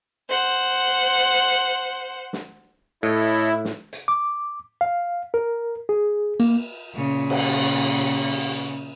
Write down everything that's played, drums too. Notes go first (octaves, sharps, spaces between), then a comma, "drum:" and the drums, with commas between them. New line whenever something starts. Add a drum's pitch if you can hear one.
C5 F#5
drum: snare
A2 E4 A4 C#5 D#5
drum: snare
drum: hi-hat
D6
F5
A#4
G#4
A#3, drum: cymbal
A#2 C#3
drum: cymbal
drum: cymbal